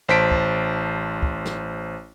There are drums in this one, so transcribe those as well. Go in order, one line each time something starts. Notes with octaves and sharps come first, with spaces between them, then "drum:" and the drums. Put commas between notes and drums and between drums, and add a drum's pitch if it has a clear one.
A1 C5 A5 B6 D7
drum: kick
drum: kick
drum: snare